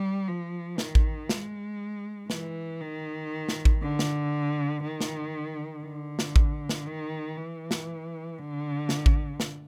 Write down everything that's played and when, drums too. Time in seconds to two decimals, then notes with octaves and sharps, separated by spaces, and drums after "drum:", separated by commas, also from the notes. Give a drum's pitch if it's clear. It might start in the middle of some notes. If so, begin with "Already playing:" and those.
Already playing: G3
0.28 F3
0.78 D#3, drum: snare
0.95 drum: kick A1
1.29 G#3, drum: snare
2.30 E3, drum: snare
2.81 D#3
3.48 drum: snare
3.65 drum: kick A1
3.82 D3
3.99 drum: snare
4.84 D#3
5.01 drum: snare
5.84 D3
6.19 drum: snare
6.36 drum: kick A1
6.69 drum: snare
6.86 D#3
7.37 E3
7.71 drum: snare
8.39 D3
8.89 drum: snare
9.06 drum: kick A1
9.40 drum: snare